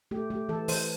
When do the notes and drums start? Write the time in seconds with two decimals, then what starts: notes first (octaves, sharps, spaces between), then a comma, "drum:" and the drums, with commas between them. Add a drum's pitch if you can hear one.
0.11 A3 G4
0.30 A3 G4
0.49 E3 A4
0.68 E3 C5, drum: open hi-hat